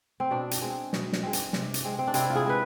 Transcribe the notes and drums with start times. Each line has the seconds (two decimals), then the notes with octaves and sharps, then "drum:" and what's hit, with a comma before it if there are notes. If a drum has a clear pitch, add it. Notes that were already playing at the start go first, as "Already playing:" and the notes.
0.20 C4
0.31 B2 D4
0.51 drum: hi-hat
0.62 G#3 C4
0.93 B2, drum: snare
1.13 drum: snare
1.23 G#3 C4
1.33 drum: hi-hat
1.53 C3, drum: snare
1.74 drum: hi-hat
1.84 G#3 C4
1.99 C4
2.07 D4
2.14 C3 C4 E4, drum: hi-hat
2.30 F4
2.35 E4 G#4
2.45 G#3 C4 B4